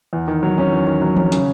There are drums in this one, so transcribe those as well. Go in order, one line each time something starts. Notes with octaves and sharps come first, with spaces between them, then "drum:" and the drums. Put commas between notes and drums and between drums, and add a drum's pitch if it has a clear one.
E2
D#3
F#3
C#4
E2
D#3
F#3
C#4, drum: tom E3
C#3, drum: hi-hat